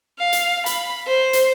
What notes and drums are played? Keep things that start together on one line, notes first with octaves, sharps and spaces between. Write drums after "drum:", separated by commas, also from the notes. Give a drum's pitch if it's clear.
F5
drum: hi-hat
B5, drum: hi-hat
C5
drum: hi-hat